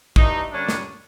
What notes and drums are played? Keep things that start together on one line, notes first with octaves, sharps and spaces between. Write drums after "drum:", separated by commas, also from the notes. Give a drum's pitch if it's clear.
G2 E3 A3 D4 D#4, drum: kick
D3 G3 A#3 C#4 D4
drum: snare